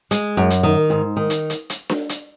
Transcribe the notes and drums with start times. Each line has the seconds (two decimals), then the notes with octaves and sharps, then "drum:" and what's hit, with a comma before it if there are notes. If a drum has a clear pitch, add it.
0.11 G#3, drum: hi-hat
0.37 F#2
0.50 drum: hi-hat
0.63 D#3
0.90 G#2
1.17 D#3
1.30 drum: hi-hat
1.50 drum: hi-hat
1.70 drum: hi-hat
1.89 drum: snare D4
2.09 drum: hi-hat